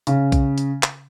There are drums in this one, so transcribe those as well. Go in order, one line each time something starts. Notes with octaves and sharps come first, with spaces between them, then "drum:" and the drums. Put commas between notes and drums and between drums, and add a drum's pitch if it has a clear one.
C#3, drum: hi-hat
drum: kick B1, hi-hat
drum: hi-hat
drum: clap